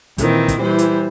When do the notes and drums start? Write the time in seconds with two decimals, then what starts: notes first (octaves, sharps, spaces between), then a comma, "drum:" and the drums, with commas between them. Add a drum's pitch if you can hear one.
0.18 A#2 D#3 E3 C4, drum: kick, hi-hat
0.48 drum: kick, hi-hat
0.60 E3 G3 C5
0.79 drum: hi-hat